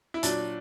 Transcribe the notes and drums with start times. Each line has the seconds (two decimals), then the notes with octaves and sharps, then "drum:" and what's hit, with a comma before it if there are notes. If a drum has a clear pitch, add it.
0.14 E4
0.23 A#2 F#3 D4, drum: hi-hat